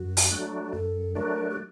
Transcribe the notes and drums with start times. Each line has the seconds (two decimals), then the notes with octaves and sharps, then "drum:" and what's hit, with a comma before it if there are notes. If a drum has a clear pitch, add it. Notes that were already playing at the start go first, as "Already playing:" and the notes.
Already playing: F#2 F#4
0.17 drum: open hi-hat
0.31 F#3 A3 D4
0.73 F#2 A4
1.15 F#3 A3 D4 A#4
1.50 G4